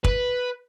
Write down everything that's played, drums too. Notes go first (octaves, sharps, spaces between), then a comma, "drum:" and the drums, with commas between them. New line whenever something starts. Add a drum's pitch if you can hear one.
B4, drum: kick